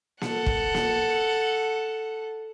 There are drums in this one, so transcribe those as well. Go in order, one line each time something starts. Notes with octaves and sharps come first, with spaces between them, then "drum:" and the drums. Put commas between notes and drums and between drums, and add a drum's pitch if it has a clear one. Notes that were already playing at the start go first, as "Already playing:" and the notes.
A4 F#5, drum: snare A#3
drum: kick
drum: snare A#3